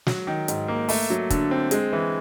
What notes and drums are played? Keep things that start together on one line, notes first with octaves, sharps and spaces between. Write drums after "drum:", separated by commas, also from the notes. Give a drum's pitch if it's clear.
F#3, drum: snare
D#3
G#2, drum: hi-hat
A#3
A3, drum: open hi-hat
F#3
D3, drum: kick, hi-hat
C4
G#3, drum: hi-hat
E3